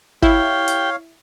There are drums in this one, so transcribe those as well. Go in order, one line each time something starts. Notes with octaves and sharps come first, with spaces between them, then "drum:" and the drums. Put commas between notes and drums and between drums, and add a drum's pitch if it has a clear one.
E4 G4 C#5 F5 G5, drum: kick G1
drum: hi-hat